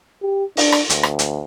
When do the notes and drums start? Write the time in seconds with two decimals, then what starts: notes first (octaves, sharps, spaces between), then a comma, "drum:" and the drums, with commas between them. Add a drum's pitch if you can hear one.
0.22 G4
0.57 D4, drum: open hi-hat
0.72 drum: rim click
0.90 D2, drum: hi-hat
1.03 drum: rim click
1.19 drum: hi-hat